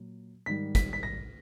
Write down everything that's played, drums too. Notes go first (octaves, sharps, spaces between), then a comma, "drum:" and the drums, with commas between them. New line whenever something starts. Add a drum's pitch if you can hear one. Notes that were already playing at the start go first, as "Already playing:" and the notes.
Already playing: A#2 F#3
G#2 D#3 G3 B6
B6, drum: kick, hi-hat
B6
A#6